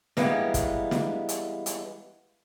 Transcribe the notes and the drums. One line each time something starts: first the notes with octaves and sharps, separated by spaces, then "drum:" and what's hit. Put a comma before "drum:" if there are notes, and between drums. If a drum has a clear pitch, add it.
E3 G3 G#3 A#3 B3, drum: snare
drum: kick, hi-hat
drum: snare
drum: hi-hat
drum: hi-hat